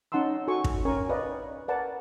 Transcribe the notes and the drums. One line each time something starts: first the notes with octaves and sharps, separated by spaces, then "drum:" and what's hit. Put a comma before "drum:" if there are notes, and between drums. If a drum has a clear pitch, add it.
C#4 D#4 F#5 A5 C6 E6
F#4 A4 G#5 C#6
drum: kick
C#4 A#4 G#5 C#6
B4 D5 D#5 F5
A#4 B4 D5 F#5 A5